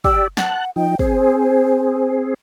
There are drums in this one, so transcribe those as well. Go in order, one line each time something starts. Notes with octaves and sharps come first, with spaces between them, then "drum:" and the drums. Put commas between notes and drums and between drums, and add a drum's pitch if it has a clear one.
G4 D5 E6, drum: kick
F#5 A5 F#6, drum: snare
F3 D#4 G5
C4 G#4 C5, drum: kick